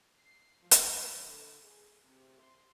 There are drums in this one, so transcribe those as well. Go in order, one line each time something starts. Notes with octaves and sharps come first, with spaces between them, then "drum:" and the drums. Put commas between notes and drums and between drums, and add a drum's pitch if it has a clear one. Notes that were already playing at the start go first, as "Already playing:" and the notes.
C7
F3
drum: hi-hat
D3
G#4
C3
C6